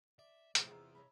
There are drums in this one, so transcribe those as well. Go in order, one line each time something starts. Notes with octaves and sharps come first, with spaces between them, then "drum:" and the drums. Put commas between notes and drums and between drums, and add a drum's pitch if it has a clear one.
D5 E5
A#1 A2 C3 F4 G#4 C5 A5 D#6, drum: hi-hat
E2 D#5 A#5 E6
C#5 D#5 E5 B5